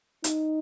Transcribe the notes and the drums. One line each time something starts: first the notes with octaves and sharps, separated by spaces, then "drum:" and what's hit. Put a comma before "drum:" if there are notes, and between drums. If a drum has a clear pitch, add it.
D#4, drum: hi-hat